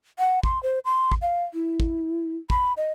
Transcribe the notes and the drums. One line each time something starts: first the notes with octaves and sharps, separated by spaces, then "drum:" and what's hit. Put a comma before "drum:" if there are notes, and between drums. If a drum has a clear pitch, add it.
F#5
C6, drum: kick
C5
C6
drum: kick
F5
E4
drum: kick
B5, drum: kick
D#5